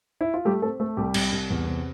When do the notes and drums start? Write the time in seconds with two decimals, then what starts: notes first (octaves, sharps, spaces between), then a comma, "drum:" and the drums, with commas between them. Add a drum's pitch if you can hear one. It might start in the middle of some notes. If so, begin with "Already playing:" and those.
0.21 E4
0.34 F4
0.45 G3 A3 G4
0.62 A3 C4 A4
0.80 A3 A4
0.97 C2 G3 G4
1.14 C2, drum: cymbal
1.32 C2
1.50 E2
1.66 C3